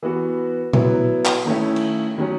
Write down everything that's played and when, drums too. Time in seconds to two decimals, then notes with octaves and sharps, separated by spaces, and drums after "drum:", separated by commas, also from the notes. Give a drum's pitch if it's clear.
0.03 E3 B3 F#4
0.73 F#3 B3 E4, drum: tom A#2
1.25 drum: clap
1.46 D#3 A3 C#4 E4
1.76 drum: cymbal
2.18 D#3 F#3 C#4